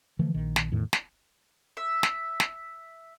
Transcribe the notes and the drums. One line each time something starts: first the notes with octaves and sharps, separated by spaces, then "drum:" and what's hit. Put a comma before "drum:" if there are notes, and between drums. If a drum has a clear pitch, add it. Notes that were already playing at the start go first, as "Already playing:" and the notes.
D3 E3 F3 A3
A#1 D#3
drum: snare
E2 A2 D#3
drum: snare
E5
drum: snare
drum: snare